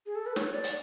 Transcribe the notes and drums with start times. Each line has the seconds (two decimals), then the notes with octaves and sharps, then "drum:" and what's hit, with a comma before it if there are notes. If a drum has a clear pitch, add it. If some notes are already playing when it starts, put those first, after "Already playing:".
0.06 G#4
0.16 A4
0.26 B4
0.36 C#5, drum: snare
0.54 D5
0.64 drum: hi-hat